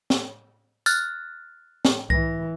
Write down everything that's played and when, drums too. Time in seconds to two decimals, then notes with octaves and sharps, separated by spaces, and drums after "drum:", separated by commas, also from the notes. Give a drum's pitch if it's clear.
0.10 drum: snare
0.86 F6 F#6 A6, drum: tambourine
1.85 drum: snare
2.10 E3 A#6, drum: kick C2